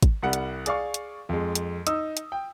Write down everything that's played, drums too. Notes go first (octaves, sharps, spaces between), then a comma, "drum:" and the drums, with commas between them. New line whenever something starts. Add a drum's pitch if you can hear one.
drum: kick, hi-hat
C2 G3 F#5
drum: hi-hat
G#4 D5 F5 C#6, drum: hi-hat
drum: hi-hat
F2 G#3
drum: hi-hat
D#4 D#6 E6, drum: hi-hat
drum: hi-hat
G5